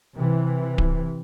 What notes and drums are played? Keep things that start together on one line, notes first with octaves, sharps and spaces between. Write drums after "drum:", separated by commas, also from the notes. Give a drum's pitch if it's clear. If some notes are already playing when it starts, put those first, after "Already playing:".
C3 E3
drum: kick D1